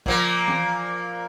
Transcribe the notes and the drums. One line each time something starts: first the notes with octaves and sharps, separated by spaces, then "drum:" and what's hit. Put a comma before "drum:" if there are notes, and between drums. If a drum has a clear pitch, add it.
A#2 F3 A#3, drum: kick
drum: tom E3